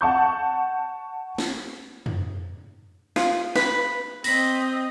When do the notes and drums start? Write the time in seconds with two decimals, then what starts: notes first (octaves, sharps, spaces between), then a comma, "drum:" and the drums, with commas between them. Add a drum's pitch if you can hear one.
0.01 F#5 A5 C#6 G6
1.38 drum: snare
2.06 drum: tom
3.16 F4, drum: snare
3.56 B4, drum: snare
4.24 C4 D#5 A#6 B6, drum: open hi-hat